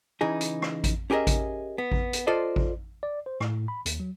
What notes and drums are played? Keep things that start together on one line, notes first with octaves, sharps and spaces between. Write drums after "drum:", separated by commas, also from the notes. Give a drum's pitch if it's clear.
C#3 E3 D#4 G#4
drum: hi-hat
drum: rim click
drum: kick A1, hi-hat
C#4 G4 G#4 A#4 D#5 E5
drum: kick A1, hi-hat
B3
drum: kick A1
drum: hi-hat
F4 A4 C5 D5 D#5
drum: kick A1
D5
C5
A2, drum: rim click
B5
D#2, drum: hi-hat
F#3